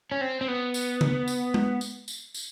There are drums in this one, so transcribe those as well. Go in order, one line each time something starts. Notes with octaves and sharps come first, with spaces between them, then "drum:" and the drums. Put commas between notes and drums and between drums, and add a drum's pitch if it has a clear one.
C#4
C4
C4
B3
drum: tambourine
drum: tom C#3
drum: tambourine
drum: tom G#3
drum: tambourine
drum: tambourine
drum: tambourine